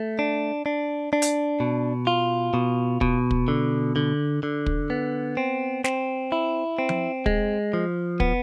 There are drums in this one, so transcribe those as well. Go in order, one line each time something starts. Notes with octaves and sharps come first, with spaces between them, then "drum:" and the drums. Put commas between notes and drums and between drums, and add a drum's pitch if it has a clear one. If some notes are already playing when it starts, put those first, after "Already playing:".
Already playing: A3
D4
D4
D4
drum: hi-hat
B2
F4
B2
B2, drum: kick
drum: kick
D3
D3
D3
drum: kick
B3
C4
C4, drum: snare
E4
C4
drum: tom F3
G#3, drum: kick
F3
B3, drum: kick